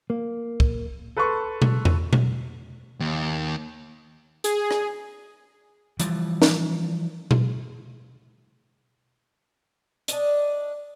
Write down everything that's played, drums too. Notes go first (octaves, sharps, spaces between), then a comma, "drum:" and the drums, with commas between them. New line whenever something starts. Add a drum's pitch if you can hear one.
A#3
drum: kick
A4 B4 A5 C6 C#6
drum: tom B2
drum: tom E2
drum: tom B2
D#2
G#4, drum: hi-hat
drum: rim click
E3 F3 G3, drum: hi-hat
drum: snare
drum: tom B2
D4 D#5, drum: hi-hat